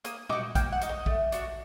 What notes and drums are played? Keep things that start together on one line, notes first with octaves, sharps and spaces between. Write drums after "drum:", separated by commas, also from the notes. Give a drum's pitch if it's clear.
A#3 D#6, drum: hi-hat
D#4 F#4 D6, drum: tom
A#3 G5, drum: kick A#1, hi-hat
F#5
D#4 F#4, drum: hi-hat
D#5
A3, drum: kick A#1
D4 F#4, drum: hi-hat